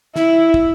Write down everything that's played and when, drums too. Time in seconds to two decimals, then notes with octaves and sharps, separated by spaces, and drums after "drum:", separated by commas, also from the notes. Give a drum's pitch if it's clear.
0.16 E4, drum: snare
0.54 drum: kick